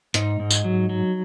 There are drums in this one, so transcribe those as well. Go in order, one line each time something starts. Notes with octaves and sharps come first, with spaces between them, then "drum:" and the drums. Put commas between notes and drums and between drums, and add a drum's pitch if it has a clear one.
G#2 D#4, drum: hi-hat
G#2
drum: tambourine
F#3
F#3